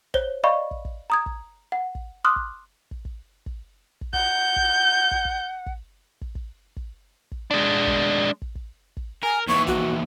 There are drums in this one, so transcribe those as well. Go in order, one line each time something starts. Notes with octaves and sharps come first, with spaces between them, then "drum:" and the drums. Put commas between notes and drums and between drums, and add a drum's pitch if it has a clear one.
C5 C#5 G7, drum: kick
D5 D#5 F5 B5 C#6
drum: kick
drum: kick
A#5 D#6 G#6
drum: kick
F#5
drum: kick
C6 D6 D#6 F6 F#6
drum: kick
drum: kick
drum: kick
drum: kick
drum: kick
F#5 G6, drum: kick
drum: kick
drum: kick
drum: kick
drum: kick
drum: kick
drum: kick
drum: kick
drum: kick
G#3 D4
drum: kick
drum: kick
drum: kick
drum: kick
A#4 G#5
D#2 E3 C#6
F#4, drum: kick